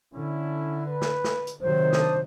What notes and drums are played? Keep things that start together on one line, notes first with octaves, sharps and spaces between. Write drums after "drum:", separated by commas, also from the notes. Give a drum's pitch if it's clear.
D3 C#4 E4
B4
drum: snare
drum: snare
drum: hi-hat
C3 D#3 F#3 C5
D4 A5 D#6, drum: snare